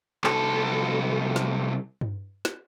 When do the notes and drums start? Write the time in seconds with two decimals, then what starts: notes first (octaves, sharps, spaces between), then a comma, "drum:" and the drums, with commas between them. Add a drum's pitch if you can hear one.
0.24 C2 A4, drum: clap
1.36 drum: snare
2.01 drum: tom G2
2.45 drum: snare